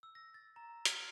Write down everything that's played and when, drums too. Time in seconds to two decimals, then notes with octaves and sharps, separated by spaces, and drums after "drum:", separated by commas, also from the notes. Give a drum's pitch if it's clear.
0.03 E6
0.15 A#6
0.34 A6
0.56 A#5
0.85 F6, drum: hi-hat